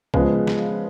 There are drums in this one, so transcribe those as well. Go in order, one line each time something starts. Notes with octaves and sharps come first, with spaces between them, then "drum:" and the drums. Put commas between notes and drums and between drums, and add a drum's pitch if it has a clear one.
C#3 F3 G#3 B3, drum: kick C2
drum: snare F3